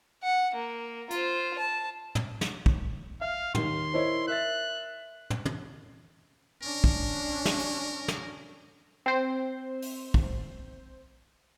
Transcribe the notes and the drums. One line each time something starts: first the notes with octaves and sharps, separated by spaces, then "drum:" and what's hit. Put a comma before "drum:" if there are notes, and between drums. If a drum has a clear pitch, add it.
F#5
A#3
F4 C5, drum: hi-hat
A5
drum: tom
drum: snare
drum: kick
E5 F5 F6
D#2 D#3 C6, drum: tom
E4 A#4 C5 C#5 D#5 E5
A#4 E5 F#6 A6
drum: tom
drum: tom
C#4 D4 A#4
drum: kick
drum: snare
drum: hi-hat
drum: snare
C4 C5
drum: open hi-hat
drum: kick